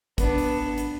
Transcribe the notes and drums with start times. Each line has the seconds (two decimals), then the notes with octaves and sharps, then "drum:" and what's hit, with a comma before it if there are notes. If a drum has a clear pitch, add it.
0.18 B3 D4, drum: kick G#1, hi-hat
0.38 drum: open hi-hat
0.78 drum: hi-hat